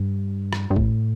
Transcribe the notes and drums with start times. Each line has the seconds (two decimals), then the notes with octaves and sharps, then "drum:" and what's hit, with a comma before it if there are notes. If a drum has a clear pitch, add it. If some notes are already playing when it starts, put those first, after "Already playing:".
Already playing: G2
0.53 drum: rim click
0.70 G2
0.76 A2, drum: kick